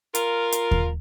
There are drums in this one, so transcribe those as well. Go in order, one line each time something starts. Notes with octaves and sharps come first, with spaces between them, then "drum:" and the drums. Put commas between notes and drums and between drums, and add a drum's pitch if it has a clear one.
F4 A#4, drum: hi-hat
drum: hi-hat
drum: kick D#2